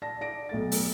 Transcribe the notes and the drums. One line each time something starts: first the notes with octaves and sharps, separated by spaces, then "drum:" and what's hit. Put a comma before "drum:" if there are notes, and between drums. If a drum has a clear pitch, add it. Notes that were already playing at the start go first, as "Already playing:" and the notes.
D5 A5 A#6
D5 A#6 D7
B1 A3 A6
drum: open hi-hat